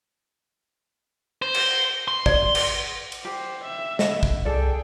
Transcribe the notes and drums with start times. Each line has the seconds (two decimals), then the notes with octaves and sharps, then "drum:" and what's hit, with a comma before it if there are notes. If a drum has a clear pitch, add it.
1.42 C5
1.54 drum: cymbal
2.08 C6
2.26 D5, drum: kick
2.55 drum: cymbal
3.12 drum: cymbal
3.25 G4 C5
3.65 E5
3.99 D#5 F#5, drum: snare
4.23 drum: kick
4.45 C2 G#4 A4 D5 G5